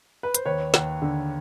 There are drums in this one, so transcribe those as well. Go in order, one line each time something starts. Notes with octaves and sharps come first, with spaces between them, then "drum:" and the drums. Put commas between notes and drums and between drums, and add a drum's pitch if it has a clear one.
B4
C5, drum: hi-hat
D#2 B4 C#5
D#2, drum: snare
D3